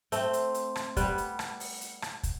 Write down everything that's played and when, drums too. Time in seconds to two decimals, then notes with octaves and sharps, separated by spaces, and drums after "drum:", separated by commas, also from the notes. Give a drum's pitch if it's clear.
0.12 A3 C4, drum: hi-hat
0.33 drum: hi-hat
0.54 drum: hi-hat
0.76 drum: rim click
0.97 G3 B3, drum: kick, hi-hat
1.18 drum: hi-hat
1.39 drum: rim click
1.60 drum: open hi-hat
1.81 drum: hi-hat
2.02 drum: rim click
2.23 drum: kick, hi-hat